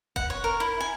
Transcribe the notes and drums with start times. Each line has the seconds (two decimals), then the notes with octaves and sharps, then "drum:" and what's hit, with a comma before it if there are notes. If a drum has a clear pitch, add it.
0.16 F#5, drum: kick F1
0.30 C#5
0.44 A#4
0.60 E4
0.81 G#5